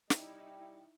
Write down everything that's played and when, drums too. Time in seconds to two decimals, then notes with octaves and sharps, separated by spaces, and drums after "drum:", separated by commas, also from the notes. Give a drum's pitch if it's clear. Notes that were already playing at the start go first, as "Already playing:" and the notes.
0.10 G2 B2 G3 C#4 D#4 E4, drum: snare